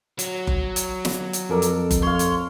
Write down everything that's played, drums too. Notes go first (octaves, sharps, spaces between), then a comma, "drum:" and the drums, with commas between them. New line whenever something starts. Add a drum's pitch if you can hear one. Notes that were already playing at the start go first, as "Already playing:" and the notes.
F#3, drum: hi-hat
drum: kick F#1
drum: hi-hat
drum: snare
drum: hi-hat
F2 A4 A#4 D5
drum: hi-hat
drum: kick F#1, hi-hat
C#5 F5 C6
drum: hi-hat